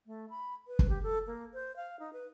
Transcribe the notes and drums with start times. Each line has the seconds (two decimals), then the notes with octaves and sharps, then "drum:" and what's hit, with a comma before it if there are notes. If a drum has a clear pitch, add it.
0.06 A3
0.30 B5
0.67 B4
0.79 drum: kick
0.89 G4
1.03 A4
1.27 A#3
1.54 C5
1.76 F5
1.99 D#4
2.13 B4